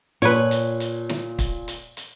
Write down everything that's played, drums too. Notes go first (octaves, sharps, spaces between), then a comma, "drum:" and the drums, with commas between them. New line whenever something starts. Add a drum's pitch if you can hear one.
A#2 F3 B4 C#5, drum: hi-hat
drum: hi-hat
drum: hi-hat
drum: snare
drum: kick, hi-hat
drum: hi-hat
drum: hi-hat